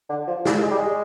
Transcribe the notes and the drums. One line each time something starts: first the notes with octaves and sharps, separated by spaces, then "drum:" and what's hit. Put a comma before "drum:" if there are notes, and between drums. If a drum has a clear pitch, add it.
D3
F3
G3, drum: snare
G#3
G3
G#3